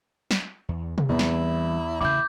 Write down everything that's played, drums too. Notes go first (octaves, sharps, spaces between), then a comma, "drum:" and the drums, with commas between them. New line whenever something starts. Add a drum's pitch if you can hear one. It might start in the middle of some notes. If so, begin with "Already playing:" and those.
drum: snare
E2
drum: tom C3
E2 E3 G3 C4 E4
drum: snare
A1 C#3 E4 D6 G6